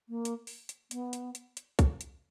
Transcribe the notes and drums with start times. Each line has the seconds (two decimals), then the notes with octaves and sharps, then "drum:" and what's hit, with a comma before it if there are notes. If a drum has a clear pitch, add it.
0.09 A#3
0.25 drum: hi-hat
0.47 drum: open hi-hat
0.69 drum: hi-hat
0.91 B3, drum: hi-hat
1.13 drum: hi-hat
1.35 drum: hi-hat
1.57 drum: hi-hat
1.79 drum: kick, hi-hat
2.01 drum: hi-hat